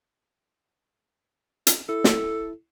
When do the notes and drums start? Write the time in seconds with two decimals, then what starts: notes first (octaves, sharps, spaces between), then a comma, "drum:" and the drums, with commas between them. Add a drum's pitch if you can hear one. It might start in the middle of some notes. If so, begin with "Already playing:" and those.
1.67 drum: hi-hat
1.89 E4 A4
2.04 drum: snare